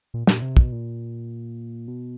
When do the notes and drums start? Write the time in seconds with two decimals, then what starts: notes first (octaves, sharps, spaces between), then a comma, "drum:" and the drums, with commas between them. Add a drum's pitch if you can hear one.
0.14 A#2
0.27 A#2, drum: snare
0.42 C3
0.57 B2, drum: kick
0.72 A#2
1.88 B2